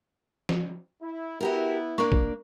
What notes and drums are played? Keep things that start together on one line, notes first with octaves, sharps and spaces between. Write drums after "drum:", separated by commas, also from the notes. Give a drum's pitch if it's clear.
drum: snare
E4
B3 E4 F#4 G4 A#4
A#3 D4 A#4 C#6
drum: kick